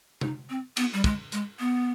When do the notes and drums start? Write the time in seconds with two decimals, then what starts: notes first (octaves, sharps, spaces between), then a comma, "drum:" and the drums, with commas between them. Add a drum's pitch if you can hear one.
0.21 D#4, drum: tom
0.50 C4
0.77 B3, drum: cymbal
0.93 G3
1.04 G#3, drum: kick
1.32 G#3, drum: hi-hat
1.60 B3